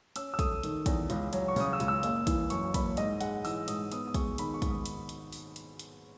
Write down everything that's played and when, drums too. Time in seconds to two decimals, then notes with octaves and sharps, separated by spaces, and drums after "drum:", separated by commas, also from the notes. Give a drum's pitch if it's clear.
0.16 C#4 E6, drum: hi-hat
0.34 E6
0.39 A3 D#6, drum: kick, hi-hat
0.63 D#3, drum: hi-hat
0.86 E2, drum: kick, hi-hat
1.10 C#2, drum: hi-hat
1.33 F#3, drum: hi-hat
1.48 C#6
1.56 C#3 D#6, drum: open hi-hat
1.73 E6
1.80 C#2, drum: hi-hat
1.88 E6
2.03 F#1, drum: hi-hat
2.27 E3, drum: kick, hi-hat
2.50 F#2 C#6, drum: hi-hat
2.74 F#1 B5, drum: kick, hi-hat
2.97 G#2 D#5, drum: hi-hat
3.21 G#3 F#5, drum: hi-hat
3.45 E3 E6, drum: open hi-hat
3.68 G#2 D#6, drum: hi-hat
3.92 B3 D#6, drum: hi-hat
4.08 D#6
4.14 G#3 C#6, drum: kick, hi-hat
4.38 D#3 B5, drum: hi-hat
4.54 C#6
4.62 G#2, drum: kick, hi-hat
4.70 D#6
4.86 drum: hi-hat
5.09 drum: hi-hat
5.32 drum: open hi-hat
5.56 drum: hi-hat
5.79 drum: hi-hat